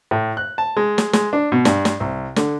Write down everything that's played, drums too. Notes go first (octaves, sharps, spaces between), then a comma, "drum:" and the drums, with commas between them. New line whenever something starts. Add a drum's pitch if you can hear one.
A2
F#6
A5
G#3
drum: snare
G#3, drum: snare
D4
B2
G2, drum: snare
drum: snare
C2
D3, drum: snare